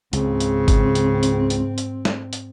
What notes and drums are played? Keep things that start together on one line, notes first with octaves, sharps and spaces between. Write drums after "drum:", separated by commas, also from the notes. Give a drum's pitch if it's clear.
C#2 G#2 C#3 C4, drum: hi-hat
drum: hi-hat
drum: kick G#1, hi-hat
drum: hi-hat
drum: hi-hat
drum: hi-hat
drum: hi-hat
drum: snare
drum: hi-hat